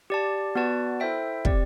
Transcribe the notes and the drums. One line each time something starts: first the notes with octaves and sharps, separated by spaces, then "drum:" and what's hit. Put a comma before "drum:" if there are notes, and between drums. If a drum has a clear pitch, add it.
G4 D5 A5
B3 F#4 B4 D5 A5
E4 A4 C5 E5 G5
C4 G4 D5, drum: kick